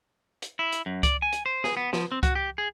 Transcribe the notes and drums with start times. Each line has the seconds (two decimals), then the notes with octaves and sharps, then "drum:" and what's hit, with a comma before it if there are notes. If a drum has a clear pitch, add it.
0.42 drum: hi-hat
0.59 E4
0.72 drum: hi-hat
0.86 F#2
1.03 D5, drum: kick C#2, hi-hat
1.22 G#5
1.33 drum: hi-hat
1.46 C5
1.64 G#4, drum: snare
1.77 B3
1.93 F3, drum: snare
2.12 C4
2.23 F#4, drum: kick C#2, hi-hat
2.35 G4
2.58 G#4